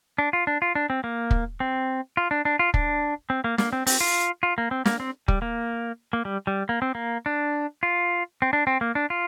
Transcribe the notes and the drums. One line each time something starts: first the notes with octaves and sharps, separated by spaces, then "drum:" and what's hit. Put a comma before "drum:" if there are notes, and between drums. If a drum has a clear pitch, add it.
D4
F4
D4
F4
D4
C4
A#3
drum: kick
C4
F4
D4
D4
F4
D4, drum: kick
C4
A#3
A#3, drum: snare
C4
C4, drum: open hi-hat
F4
F4
A#3
C4
A#3, drum: snare
C4
G3, drum: kick
A#3
A#3
G3
G3
A#3
C4
A#3
D4
F4
C4
D4
C4
A#3
D4
F4